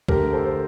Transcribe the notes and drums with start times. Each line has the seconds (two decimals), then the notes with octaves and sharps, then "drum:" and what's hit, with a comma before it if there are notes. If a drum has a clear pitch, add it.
0.08 D3 A3 G4 A#4, drum: kick
0.32 A4 C5
0.45 C5